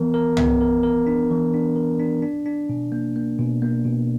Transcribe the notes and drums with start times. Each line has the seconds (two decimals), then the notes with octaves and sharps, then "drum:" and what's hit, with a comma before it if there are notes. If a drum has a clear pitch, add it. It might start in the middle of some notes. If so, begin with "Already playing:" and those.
Already playing: E3 B3 A#4
0.14 A#4
0.37 B3, drum: tom
0.61 A#4
0.83 A#4
1.07 D4
1.30 E3
1.54 D4
1.76 A#4
2.00 D4
2.22 D4
2.46 D4
2.69 B2
2.92 A#3
3.16 A#3
3.39 B2
3.62 A#3
3.85 B2